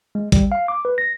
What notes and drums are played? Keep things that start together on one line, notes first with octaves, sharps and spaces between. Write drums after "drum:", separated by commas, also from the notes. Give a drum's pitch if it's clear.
G#3
G3, drum: kick, hi-hat
F5
D6
B4
A#6